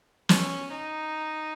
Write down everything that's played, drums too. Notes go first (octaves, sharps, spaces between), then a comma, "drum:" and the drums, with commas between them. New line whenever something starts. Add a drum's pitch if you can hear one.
C#4, drum: snare
D#4